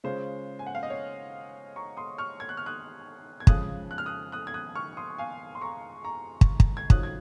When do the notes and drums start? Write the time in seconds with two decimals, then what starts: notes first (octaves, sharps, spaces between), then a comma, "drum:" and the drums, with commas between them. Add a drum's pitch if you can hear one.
0.04 C#3 G#3 C#4 F4 C5
0.59 G#5
0.67 F#5
0.75 F5
0.83 D#5
0.90 C#5
1.76 A#5 C#6
1.97 C6 D#6
2.18 C#6 F6
2.40 G#6
2.49 F#6
2.57 F6
2.66 D#6 F#6
3.40 G#6
3.47 F2 C#3 F3 G#3 C#4 D#6 F#6, drum: kick
3.91 F#6
3.98 F6
4.06 D#6 F#6
4.32 D#6 F#6
4.47 G#6
4.54 D#6 F#6
4.75 C#6 F6
4.97 C6 D#6
5.18 F5 G#5
5.55 C6
5.61 A#5 C#6
6.04 A#5 C#6
6.41 drum: kick
6.60 drum: kick
6.77 G#6
6.90 F2 D#3 F#3 C#4 F4 D#6 F#6, drum: kick
7.03 G#6